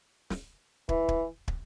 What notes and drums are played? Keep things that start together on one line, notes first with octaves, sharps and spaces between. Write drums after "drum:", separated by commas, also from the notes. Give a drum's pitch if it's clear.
drum: snare
E3, drum: kick
drum: kick
drum: kick